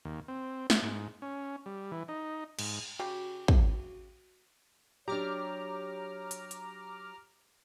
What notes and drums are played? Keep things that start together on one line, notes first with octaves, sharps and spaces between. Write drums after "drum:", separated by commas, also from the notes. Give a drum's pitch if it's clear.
D#2
C4
drum: snare
G#2
C#4
G3
E3
D#4
G#2, drum: cymbal
C#3 F#4 G4
drum: kick
F#3 D4 G4 C#5 A#5 D6 F6
drum: hi-hat
drum: hi-hat